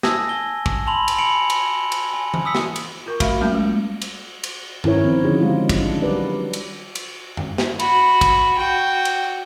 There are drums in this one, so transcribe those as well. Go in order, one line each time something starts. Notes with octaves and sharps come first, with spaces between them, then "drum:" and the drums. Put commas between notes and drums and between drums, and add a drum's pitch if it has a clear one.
G#5 A5 D#6 E6 G#6 A#6, drum: snare
G#5 G7
drum: kick
A5 B5 C6 F7 F#7
drum: cymbal
G#5 B5 C#7 D7 F7 F#7
drum: cymbal
drum: cymbal
G#5
drum: tom E3
D#6 E6 B6 C#7
drum: snare
drum: cymbal
F4 A#4 C#6
A3 F#4 E5 F5 B5, drum: kick, cymbal
F#3 G3 A3 A#3 C#4 F4
G#3
drum: cymbal
drum: cymbal
D#3 C#4 E4 A#4 C#5, drum: tom G2
D#3 F3 C4
D3 F3 C#4 D#4 F#4 G#4
G3 G#3 F4
drum: kick, cymbal
D4
F#3 G3 F#4 A#4 B4 D5
drum: cymbal
drum: cymbal
drum: tom F#2
drum: snare
F#4 B5, drum: cymbal
drum: kick, cymbal
F#4 G5
drum: cymbal